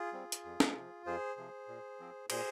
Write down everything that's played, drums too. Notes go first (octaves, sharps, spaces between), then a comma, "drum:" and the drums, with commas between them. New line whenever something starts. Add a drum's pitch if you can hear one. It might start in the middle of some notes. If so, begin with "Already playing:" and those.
Already playing: F4 G#4
G3 C4
drum: hi-hat
F2
drum: snare
C3 F3
F2 G#4 C5
C3 F3
A#2
F3 C4
A#2 G#4 C5, drum: cymbal